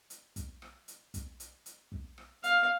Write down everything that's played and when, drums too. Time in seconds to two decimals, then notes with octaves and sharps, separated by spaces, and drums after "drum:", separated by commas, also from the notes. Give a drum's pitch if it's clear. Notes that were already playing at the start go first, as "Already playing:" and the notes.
0.10 drum: hi-hat
0.36 drum: kick, hi-hat
0.62 drum: rim click
0.88 drum: hi-hat
1.14 drum: kick, hi-hat
1.40 drum: hi-hat
1.66 drum: hi-hat
1.92 drum: kick
2.18 drum: rim click
2.44 F5, drum: hi-hat